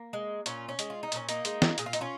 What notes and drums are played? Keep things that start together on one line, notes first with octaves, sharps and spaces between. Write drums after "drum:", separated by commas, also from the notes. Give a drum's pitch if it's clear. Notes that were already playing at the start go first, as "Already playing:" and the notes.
Already playing: A#3
G#3
A#2 C#4 F4, drum: hi-hat
C#4
G#3, drum: hi-hat
F4
D#4
A#2 C#4, drum: hi-hat
A#3 D#4, drum: hi-hat
G#3, drum: hi-hat
drum: snare
A#2 G#4, drum: hi-hat
F4
D#4, drum: hi-hat
C#4 F4